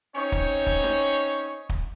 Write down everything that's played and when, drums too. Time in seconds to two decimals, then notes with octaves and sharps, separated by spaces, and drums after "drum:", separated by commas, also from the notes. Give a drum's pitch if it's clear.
0.15 C4 C#4 D#4 C#5
0.32 drum: kick
0.67 drum: kick
0.84 drum: snare
1.69 drum: kick